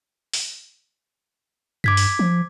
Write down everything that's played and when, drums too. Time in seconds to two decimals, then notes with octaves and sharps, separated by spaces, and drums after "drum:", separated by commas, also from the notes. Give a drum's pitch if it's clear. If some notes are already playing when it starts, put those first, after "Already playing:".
0.33 drum: open hi-hat
1.84 G2 D6 G#6 B6
1.97 drum: open hi-hat
2.19 F3